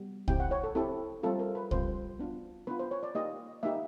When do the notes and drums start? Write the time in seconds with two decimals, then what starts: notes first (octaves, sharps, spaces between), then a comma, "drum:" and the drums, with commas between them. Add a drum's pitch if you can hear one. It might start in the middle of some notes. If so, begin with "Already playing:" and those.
Already playing: G3 B3 G4
0.28 C4 E4 G4 G5, drum: kick C2
0.40 F#5
0.51 C#5
0.64 A4
0.75 C4 E4 G4 A4
1.23 G3 C4 F4 A4
1.39 A#4
1.55 B4
1.71 G3 C4 F4 C5, drum: kick C2
2.19 B3 D4 F4
2.67 B3 D4 F4 B4
2.79 C5
2.91 C#5
3.03 D5
3.15 A#3 D#4 G4 D#5
3.63 A#3 D#4 G4 E5